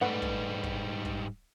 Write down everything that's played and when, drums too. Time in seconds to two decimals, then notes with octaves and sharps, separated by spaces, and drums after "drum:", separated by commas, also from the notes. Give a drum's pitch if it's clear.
0.01 G#2 G3 A3 B4 F#5
0.22 drum: kick
0.63 drum: kick
1.05 drum: kick